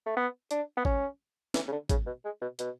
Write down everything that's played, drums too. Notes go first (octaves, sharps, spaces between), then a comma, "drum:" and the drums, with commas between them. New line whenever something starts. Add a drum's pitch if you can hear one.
A3
B3
D4, drum: hi-hat
B3
C#4, drum: kick
E3, drum: snare
C#3
D3
C#3, drum: kick, hi-hat
B2
G#3
B2
B2, drum: hi-hat